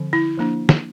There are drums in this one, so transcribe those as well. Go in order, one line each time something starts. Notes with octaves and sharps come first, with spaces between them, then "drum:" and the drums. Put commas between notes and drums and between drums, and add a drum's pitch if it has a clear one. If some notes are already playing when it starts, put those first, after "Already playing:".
Already playing: D3 F3 C4
E4
F3 A#3 D4
drum: snare